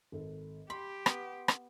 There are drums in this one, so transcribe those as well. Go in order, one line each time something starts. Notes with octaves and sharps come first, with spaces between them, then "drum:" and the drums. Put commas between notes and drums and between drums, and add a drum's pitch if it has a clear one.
G#1 A4
G4 B5 C6
B3, drum: rim click
drum: rim click